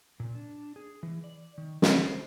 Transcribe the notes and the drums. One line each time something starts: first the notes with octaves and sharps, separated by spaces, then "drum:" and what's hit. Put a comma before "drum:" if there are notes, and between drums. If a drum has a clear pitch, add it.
A#2
D4
G#4
E3
D5
D#3
D3, drum: snare
C5